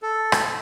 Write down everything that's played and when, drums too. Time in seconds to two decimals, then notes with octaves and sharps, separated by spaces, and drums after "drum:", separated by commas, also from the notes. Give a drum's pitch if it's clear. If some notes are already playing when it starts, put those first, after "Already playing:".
0.03 A4
0.32 drum: rim click